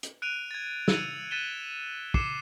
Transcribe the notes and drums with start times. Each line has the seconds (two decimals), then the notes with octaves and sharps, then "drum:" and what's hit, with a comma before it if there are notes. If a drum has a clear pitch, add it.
0.03 drum: hi-hat
0.22 F#6 D7 D#7 F7
0.51 G#6 A6
0.88 E6 G#6 C#7 D#7 F7, drum: snare
1.31 F#6 A6 B6 D#7 E7 G7
2.14 D6 C7 C#7 E7, drum: kick